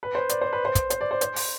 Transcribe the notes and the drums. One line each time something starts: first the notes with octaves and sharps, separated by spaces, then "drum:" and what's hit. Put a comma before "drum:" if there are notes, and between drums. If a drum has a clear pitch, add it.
B4
C5
D5, drum: hi-hat
C5
B4
C5
drum: kick, hi-hat
C5, drum: hi-hat
D5
C5
C5, drum: hi-hat
drum: open hi-hat